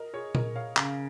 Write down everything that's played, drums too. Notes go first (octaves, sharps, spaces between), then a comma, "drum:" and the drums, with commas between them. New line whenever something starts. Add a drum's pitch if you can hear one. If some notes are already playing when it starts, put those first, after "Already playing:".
Already playing: A#4 D#5
G#4 C#5
A#4 D#5, drum: tom A#2
C#5 F5
C#3 F5 A#5, drum: clap